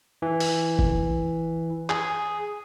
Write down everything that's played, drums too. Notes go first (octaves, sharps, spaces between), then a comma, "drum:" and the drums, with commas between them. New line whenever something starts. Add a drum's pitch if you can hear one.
E3
drum: open hi-hat
drum: kick
G#4, drum: clap